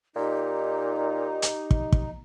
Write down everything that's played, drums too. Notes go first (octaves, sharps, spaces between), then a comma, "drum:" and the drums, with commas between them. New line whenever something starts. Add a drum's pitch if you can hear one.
A#2 D#4 G4
drum: hi-hat
drum: kick
drum: kick